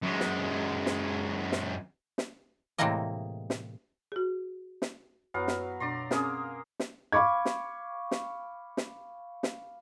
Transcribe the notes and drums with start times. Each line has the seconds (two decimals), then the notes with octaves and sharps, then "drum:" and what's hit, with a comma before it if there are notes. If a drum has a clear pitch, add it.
0.02 F#2 G#3
0.20 drum: snare
0.86 drum: snare
1.52 drum: snare
2.18 drum: snare
2.78 A2 C3 E3 G#3 A#3 D#5
3.50 drum: snare
4.12 F#4 G#4
4.82 drum: snare
5.34 F#2 F#3 B3 F5
5.48 drum: snare
5.80 B2 D4 D5 A#5 C6
6.11 A#3 C4 C#4 G#4 D#6, drum: snare
6.80 drum: snare
7.12 F5 B5 C#6 D6 G#6
7.45 drum: snare
8.11 drum: snare
8.77 drum: snare
9.43 drum: snare